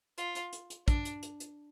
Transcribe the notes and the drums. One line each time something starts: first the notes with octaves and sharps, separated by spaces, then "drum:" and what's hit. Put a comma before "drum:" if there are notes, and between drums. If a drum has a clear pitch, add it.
F4, drum: hi-hat
drum: hi-hat
drum: hi-hat
drum: hi-hat
D4, drum: kick, hi-hat
drum: hi-hat
drum: hi-hat
drum: hi-hat